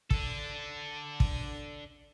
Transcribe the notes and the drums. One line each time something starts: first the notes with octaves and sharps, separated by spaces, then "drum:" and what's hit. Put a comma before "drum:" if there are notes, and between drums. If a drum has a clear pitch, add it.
D4 A4, drum: kick
drum: kick